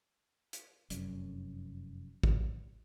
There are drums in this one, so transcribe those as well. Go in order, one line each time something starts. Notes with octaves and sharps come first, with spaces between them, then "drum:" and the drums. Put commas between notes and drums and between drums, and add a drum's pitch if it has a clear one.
drum: hi-hat
F1 F#2, drum: hi-hat
drum: kick